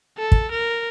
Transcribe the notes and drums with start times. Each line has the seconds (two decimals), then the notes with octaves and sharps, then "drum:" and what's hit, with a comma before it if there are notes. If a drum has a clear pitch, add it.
0.18 A4
0.32 drum: kick
0.51 A#4